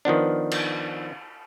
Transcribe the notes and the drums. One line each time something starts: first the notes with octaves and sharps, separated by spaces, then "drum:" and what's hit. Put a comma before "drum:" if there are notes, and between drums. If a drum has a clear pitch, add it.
D#3 F3 B3 D4
drum: cymbal